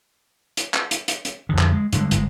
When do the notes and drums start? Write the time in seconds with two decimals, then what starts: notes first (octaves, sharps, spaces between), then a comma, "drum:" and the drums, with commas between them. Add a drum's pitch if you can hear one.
0.57 drum: hi-hat
0.74 drum: clap
0.91 drum: hi-hat
1.08 drum: hi-hat
1.25 drum: hi-hat
1.49 F2 D3 D#3
1.59 drum: clap
1.72 G#3
1.93 G2 D3 F3 G#3, drum: hi-hat
2.11 G1 G#3, drum: hi-hat